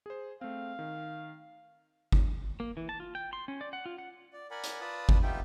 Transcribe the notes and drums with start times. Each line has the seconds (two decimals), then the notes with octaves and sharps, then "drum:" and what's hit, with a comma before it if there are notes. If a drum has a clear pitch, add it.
0.06 G#4 C5
0.41 A3 C4 F5
0.79 D#3
2.12 drum: kick G1
2.60 A#3
2.77 E3
2.89 A5
3.00 F4
3.15 G5
3.33 C6
3.48 C#4
3.61 D5
3.73 F#5
3.86 F4
3.98 F#5
4.33 D5
4.51 A#4 D5 F#5 G#5 B5
4.64 drum: hi-hat
4.81 F4 B4 D5 A5 B5 D#6
5.09 drum: kick G1
5.22 B3 D#4 F4 G4 E5 G5